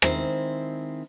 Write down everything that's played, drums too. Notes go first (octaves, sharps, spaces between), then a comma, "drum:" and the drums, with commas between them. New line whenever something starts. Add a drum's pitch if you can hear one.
D#3 G#3 C4 E4 C5, drum: rim click